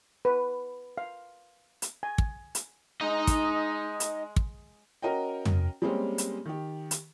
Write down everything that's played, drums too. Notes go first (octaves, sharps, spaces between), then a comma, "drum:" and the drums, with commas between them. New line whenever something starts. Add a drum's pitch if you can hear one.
B4
F5
drum: hi-hat
G#5
drum: kick
drum: hi-hat
G#3 D#4 D#5
drum: kick, hi-hat
drum: hi-hat
drum: kick
C#4 F#4 A#4 D#5 G5
drum: tom
G3 G#3 A#3 C4 C#4
drum: hi-hat
D#3 G4
drum: hi-hat